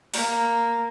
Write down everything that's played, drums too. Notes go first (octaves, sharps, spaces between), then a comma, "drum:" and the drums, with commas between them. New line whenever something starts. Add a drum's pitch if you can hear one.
A#3, drum: open hi-hat